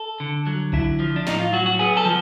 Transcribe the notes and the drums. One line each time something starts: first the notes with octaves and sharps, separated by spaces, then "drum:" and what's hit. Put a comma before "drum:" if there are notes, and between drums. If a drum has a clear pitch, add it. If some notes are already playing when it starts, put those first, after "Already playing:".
Already playing: A4
D3
F#3
D3 E4, drum: kick A#1
F3
D4
A2 D#4, drum: snare
F4
F#3 F#4
F#4
B3 G#4
A4
F3